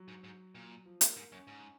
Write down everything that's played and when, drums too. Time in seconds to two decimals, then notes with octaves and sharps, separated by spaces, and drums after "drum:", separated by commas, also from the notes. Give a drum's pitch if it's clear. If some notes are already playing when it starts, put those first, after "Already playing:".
Already playing: F#3
0.08 G#2
0.24 G#2
0.55 A#2
0.86 F3
1.01 A#3, drum: hi-hat
1.16 G#2 A#3
1.32 F#2 C#4
1.47 G#2 C#4